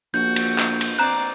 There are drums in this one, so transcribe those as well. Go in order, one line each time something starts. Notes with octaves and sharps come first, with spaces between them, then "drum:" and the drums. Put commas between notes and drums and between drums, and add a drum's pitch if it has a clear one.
A#1 F#4 G6
drum: cymbal
drum: clap
drum: cymbal
C4 D5 A#5 F#6